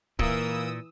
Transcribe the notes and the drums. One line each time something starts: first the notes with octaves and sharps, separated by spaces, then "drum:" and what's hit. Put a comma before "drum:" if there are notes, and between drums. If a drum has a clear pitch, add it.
A#2 E3 A#3 D#6 E6, drum: kick C#1